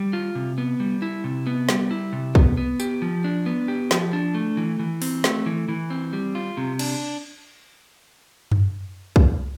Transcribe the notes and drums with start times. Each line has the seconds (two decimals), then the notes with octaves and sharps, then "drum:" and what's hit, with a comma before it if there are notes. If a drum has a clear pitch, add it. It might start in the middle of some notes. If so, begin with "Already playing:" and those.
Already playing: G3
0.13 F4
0.35 C3
0.58 B3
0.80 G3
1.02 E4
1.24 C3
1.47 B3
1.69 G3, drum: snare
1.91 E4
2.13 C3
2.35 B3, drum: kick
2.57 B3
2.80 G4, drum: tambourine
3.02 F3
3.24 D4
3.46 B3
3.68 G4
3.91 F3, drum: snare
4.13 D4
4.35 A3
4.57 E3
4.79 E3
5.02 C4, drum: open hi-hat
5.24 A3, drum: snare
5.46 E3
5.69 E3
5.90 C4
6.13 G3
6.35 F4
6.57 C3
6.79 D4, drum: cymbal
8.52 drum: tom F#2
9.16 drum: kick